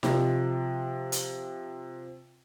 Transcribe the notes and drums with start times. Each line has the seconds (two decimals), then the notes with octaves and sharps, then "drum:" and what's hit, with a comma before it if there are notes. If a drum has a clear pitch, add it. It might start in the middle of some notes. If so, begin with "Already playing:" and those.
0.03 C3 F3, drum: snare D#4
1.12 drum: hi-hat